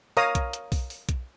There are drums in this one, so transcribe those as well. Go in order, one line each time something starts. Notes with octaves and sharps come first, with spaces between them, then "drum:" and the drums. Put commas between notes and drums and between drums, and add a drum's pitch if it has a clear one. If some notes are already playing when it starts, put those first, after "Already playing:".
A#4 C#5 F5 A#5 D#6, drum: open hi-hat
drum: kick B1, hi-hat
drum: hi-hat
drum: kick B1, open hi-hat
drum: open hi-hat
drum: kick B1, hi-hat